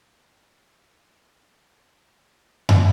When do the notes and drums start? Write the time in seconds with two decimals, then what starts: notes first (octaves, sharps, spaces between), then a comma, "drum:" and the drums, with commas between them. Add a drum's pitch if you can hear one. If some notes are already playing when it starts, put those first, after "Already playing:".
0.13 C#5 E5
1.54 C4 D4 D#4 F4 F#4 B4 C#5 D#5
2.69 drum: tom F2